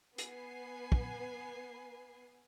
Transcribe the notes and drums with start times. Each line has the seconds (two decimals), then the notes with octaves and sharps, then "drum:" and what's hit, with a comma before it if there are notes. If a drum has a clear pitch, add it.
0.18 B3 B4 G#5 C7, drum: hi-hat
0.92 drum: kick